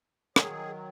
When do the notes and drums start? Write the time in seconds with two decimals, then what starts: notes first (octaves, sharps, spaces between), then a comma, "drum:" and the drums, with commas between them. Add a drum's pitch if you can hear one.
0.36 D#3 F#3 G#4, drum: rim click